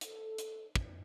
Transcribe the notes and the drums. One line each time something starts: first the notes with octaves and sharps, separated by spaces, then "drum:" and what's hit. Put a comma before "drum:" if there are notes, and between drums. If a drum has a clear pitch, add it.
A4, drum: hi-hat
drum: hi-hat
drum: kick